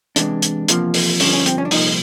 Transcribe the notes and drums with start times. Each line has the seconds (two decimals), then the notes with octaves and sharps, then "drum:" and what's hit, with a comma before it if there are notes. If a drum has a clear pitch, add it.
0.16 E2 C3 E3 G#3 D4, drum: hi-hat
0.42 drum: hi-hat
0.68 E2 C3 F3 A#3, drum: hi-hat
0.94 drum: open hi-hat
1.20 G2 D3 F3 C#4, drum: open hi-hat
1.33 C#4
1.46 C4, drum: hi-hat
1.58 C#4
1.65 D4
1.71 C2 A#2 F3 D#4, drum: open hi-hat